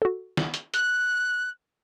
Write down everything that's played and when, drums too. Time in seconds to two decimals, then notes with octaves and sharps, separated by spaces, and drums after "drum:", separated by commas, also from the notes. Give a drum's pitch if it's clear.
0.02 F#4 A4
0.37 drum: snare
0.54 drum: hi-hat
0.74 F#6, drum: hi-hat